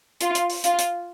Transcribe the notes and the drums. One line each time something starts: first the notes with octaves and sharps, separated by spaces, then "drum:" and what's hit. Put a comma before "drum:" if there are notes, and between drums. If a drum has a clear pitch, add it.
F4, drum: hi-hat
drum: hi-hat
drum: open hi-hat
F4, drum: hi-hat
drum: hi-hat